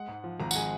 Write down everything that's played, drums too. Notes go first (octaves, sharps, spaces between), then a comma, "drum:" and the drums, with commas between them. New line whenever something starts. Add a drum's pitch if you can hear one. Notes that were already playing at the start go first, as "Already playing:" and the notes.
Already playing: G#3 F#5
G#2
F3
G#1 A#5
F#5, drum: tambourine
G#3 G#5